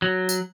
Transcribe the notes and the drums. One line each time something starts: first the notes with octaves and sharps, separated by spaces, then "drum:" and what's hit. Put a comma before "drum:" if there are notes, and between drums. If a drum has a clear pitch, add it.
F#3
drum: tambourine